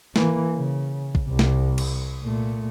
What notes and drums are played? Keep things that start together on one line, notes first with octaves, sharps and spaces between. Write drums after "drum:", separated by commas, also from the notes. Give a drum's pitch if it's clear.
E3 A#3, drum: snare
C#3
drum: kick
C2
drum: snare
drum: cymbal
A#2 A3